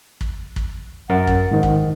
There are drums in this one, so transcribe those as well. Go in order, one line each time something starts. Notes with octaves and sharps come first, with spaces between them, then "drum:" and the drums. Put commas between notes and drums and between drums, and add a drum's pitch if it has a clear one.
drum: kick
drum: kick
F#2 A#4 F#5 A6
drum: kick
G#2 D#3
drum: kick